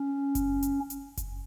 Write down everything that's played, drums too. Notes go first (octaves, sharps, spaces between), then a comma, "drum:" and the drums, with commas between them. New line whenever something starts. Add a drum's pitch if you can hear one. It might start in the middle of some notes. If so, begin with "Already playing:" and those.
Already playing: C#4
drum: kick F#1, hi-hat
drum: hi-hat
drum: hi-hat
drum: kick F#1, hi-hat